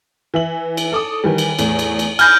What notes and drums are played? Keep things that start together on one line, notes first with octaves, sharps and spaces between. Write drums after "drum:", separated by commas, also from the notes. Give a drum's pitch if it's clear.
E3 E5 F#7
drum: cymbal
A4 D6 D#6
D#3 E3 G3
drum: cymbal
E2 A2, drum: cymbal
drum: cymbal
drum: cymbal
G#5 B5 F6 G6 A#6, drum: cymbal